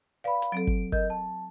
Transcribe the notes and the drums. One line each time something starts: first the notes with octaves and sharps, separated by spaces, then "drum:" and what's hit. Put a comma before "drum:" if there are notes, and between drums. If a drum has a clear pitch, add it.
B4 D5 F5 B5
drum: hi-hat
F#3 C4 A4 D7
drum: kick
A#4 D#5 G6, drum: kick
A5